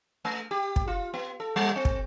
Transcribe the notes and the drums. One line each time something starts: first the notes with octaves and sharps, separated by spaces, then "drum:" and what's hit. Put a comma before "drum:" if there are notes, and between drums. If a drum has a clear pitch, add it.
A3
G4
drum: kick
F4
B3
A4
G3
C4
drum: kick